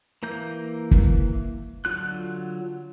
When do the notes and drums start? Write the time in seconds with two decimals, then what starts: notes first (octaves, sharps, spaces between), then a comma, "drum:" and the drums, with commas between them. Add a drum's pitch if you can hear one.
0.23 E3 A#3 A#5 G6
0.91 drum: kick
1.85 D3 F#3 F4 F#6